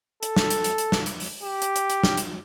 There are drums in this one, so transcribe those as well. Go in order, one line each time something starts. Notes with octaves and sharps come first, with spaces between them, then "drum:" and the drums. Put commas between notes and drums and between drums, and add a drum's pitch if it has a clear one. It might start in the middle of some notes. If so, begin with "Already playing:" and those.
A4, drum: hi-hat
drum: snare
drum: hi-hat
drum: hi-hat
drum: hi-hat
drum: snare
drum: hi-hat
drum: open hi-hat
G4
drum: hi-hat
drum: hi-hat
drum: hi-hat
drum: snare
drum: hi-hat